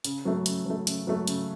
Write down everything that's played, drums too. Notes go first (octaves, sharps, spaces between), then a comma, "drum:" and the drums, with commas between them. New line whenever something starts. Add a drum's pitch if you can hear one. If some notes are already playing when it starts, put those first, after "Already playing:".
C#3, drum: hi-hat
F#3 A3
C#3, drum: hi-hat
F#3 A3
C#3, drum: hi-hat
F#3 A3
C#3, drum: hi-hat